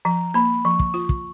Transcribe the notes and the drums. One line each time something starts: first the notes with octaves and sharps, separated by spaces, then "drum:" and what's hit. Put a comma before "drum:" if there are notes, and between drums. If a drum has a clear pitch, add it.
F3 A#5
A#3 B5
F3 C#6
drum: kick
F4
drum: kick